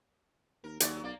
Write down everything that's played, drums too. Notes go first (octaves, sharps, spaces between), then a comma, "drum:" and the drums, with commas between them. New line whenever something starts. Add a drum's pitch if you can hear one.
D#2 A#4
D#2 F#3 G#3 D5, drum: hi-hat
B1 A#3 D5